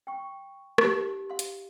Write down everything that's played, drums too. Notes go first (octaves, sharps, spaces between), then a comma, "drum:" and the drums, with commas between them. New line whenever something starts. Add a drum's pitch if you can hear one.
G5 C#6
D#4 G4, drum: rim click
F5 C6
drum: hi-hat